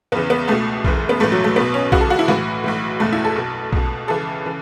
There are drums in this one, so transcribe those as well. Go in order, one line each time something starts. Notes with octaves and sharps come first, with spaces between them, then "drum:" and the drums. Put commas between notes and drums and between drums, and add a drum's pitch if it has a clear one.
E2 C#3 E3 B3
B3
C#2 B2 A3
F#1 F#2 E3, drum: kick
B3
B1 A2 E3 A3
F#3
A3
B1 B2 B3
C#4
C#2 C#3 E3 F#4, drum: kick
A4
F#4
E4
B1 A2 E3 F#4, drum: snare
B1 A2 E3
F#1 E2 B2 A3
E4
A4
B1 B2
C#2 B2, drum: kick
C#2 C#3 E3 A4
C#3 E3